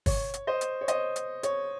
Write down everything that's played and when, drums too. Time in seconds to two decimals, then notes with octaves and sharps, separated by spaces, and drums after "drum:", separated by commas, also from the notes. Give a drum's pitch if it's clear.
0.06 C#5, drum: kick, open hi-hat
0.34 drum: hi-hat
0.47 C5 D#5
0.61 drum: hi-hat
0.81 C#5
0.88 C5 D#5, drum: hi-hat
1.16 drum: hi-hat
1.43 C#5, drum: hi-hat